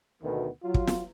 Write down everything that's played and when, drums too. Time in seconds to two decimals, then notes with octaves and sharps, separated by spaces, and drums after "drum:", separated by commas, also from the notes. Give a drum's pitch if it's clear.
0.22 D2 B2 D#3 A3 B3
0.63 F#3 F4
0.74 drum: kick
0.87 drum: snare